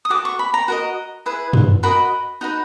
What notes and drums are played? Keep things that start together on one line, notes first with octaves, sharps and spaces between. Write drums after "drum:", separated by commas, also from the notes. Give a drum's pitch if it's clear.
D#6
F#4 A4 D6
C#6
B5
A#5
F#4 A#4 D#5
E4 G#4 B4
drum: tom F#2
F#4 A#4 D#5 B5
D#4 F#4 B4